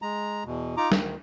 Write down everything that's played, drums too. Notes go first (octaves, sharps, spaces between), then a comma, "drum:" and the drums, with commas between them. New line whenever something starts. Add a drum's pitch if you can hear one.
G#3 A#5
E2 B2
D#4 F4 A#5 D6
D2 D#3, drum: snare